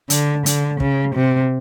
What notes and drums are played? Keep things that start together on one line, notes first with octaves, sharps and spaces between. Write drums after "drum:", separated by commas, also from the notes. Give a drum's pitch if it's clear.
D3, drum: hi-hat
D3, drum: hi-hat
C#3, drum: kick
C3